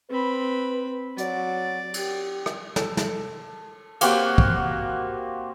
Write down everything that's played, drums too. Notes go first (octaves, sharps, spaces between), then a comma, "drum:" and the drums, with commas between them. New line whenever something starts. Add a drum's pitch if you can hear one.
C4 B4 B5
F#3 D5, drum: hi-hat
G4, drum: cymbal
drum: rim click
A4, drum: snare
drum: snare
A#3 C4 F#4 G4, drum: cymbal
drum: kick